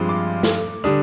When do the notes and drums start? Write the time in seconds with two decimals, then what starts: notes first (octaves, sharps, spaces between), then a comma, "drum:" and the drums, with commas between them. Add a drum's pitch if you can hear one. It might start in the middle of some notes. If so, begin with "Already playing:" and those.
Already playing: G2 F3 G#3 C4 F4
0.09 D6
0.43 drum: snare
0.84 D3 G3 D4 D#6